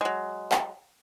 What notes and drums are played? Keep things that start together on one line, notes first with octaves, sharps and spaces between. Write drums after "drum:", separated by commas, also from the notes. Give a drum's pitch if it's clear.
F#3 G#3
drum: clap